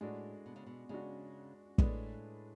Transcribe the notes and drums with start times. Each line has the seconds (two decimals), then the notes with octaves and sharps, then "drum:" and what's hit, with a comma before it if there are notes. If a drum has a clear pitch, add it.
0.01 A2 G#3 D4 F#4
0.46 B2
0.56 C#3
0.66 B2
0.89 C#3 G#3 D4 F#4
1.78 A2 G#3 D4 G#4 B4, drum: kick